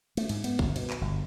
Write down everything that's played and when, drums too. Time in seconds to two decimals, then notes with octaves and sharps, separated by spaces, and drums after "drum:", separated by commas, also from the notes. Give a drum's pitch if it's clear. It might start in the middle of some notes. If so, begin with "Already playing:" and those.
0.17 A3, drum: cymbal
0.29 G#2, drum: cymbal
0.44 B3, drum: cymbal
0.59 G1, drum: kick
0.76 B2, drum: cymbal
0.90 drum: clap
1.01 G1